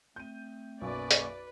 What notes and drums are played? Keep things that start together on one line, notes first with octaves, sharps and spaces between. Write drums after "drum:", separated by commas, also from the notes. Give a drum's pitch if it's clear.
A3 C4 G6 D#7
B1 F#2 A#3 B4 D5 G#5 C#6
drum: hi-hat